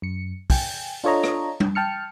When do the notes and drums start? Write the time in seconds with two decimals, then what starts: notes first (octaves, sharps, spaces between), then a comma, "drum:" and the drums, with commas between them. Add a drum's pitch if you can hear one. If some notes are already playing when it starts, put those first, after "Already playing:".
0.02 F#2 C#7
0.50 G5 G#5, drum: kick, open hi-hat
1.04 D4 F4 A4 C#5 D#5 A#5
1.23 drum: rim click
1.60 drum: tom G3
1.75 G5 A5 F6 C#7